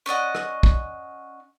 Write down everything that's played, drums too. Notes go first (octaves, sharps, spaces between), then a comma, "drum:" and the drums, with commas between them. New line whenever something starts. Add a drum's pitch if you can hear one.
C#4 D5 D#5 F#5
drum: rim click
drum: kick